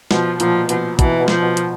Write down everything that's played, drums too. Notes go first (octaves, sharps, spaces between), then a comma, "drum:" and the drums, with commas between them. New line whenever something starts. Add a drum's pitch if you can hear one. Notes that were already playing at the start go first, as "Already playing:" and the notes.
B2 F3, drum: snare
A#2 F3, drum: hi-hat
B2 F3, drum: hi-hat
B2 E3, drum: kick, hi-hat
B2
F3, drum: snare
B2
drum: hi-hat